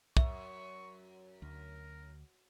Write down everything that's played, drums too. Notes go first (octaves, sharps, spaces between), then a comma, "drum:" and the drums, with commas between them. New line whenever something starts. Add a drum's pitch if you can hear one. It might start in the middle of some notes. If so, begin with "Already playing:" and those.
F#2 E5 C#6, drum: kick
D2 A#4